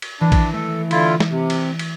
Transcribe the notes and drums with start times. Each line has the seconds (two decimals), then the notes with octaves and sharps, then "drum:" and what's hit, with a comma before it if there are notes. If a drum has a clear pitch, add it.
0.02 drum: cymbal
0.21 E3 D4
0.32 drum: kick A#1, cymbal
0.53 A3 A4
0.91 D3 E4 F4, drum: cymbal
1.20 drum: snare
1.30 C3
1.50 drum: cymbal
1.79 drum: cymbal